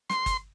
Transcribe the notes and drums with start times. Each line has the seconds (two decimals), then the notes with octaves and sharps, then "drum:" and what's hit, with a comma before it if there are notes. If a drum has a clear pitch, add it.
0.10 C6, drum: snare
0.26 drum: kick, hi-hat